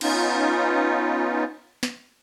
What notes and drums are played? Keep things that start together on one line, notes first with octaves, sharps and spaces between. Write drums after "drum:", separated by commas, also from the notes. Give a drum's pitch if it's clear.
B3 C#4 D#4 F4, drum: cymbal
drum: snare